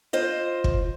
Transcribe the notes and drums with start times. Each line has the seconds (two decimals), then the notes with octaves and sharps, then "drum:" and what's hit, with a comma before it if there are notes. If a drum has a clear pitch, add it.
0.13 F4 C5 D#5
0.64 drum: kick